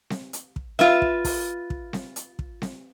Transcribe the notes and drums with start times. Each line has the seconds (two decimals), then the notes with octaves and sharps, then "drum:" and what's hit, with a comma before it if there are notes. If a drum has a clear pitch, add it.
0.10 drum: snare C4
0.33 drum: hi-hat
0.56 drum: kick
0.79 F4 B4 E5, drum: snare C4
1.02 drum: kick
1.25 drum: kick, open hi-hat
1.70 drum: kick
1.93 drum: snare C4
2.16 drum: hi-hat
2.39 drum: kick
2.62 drum: snare C4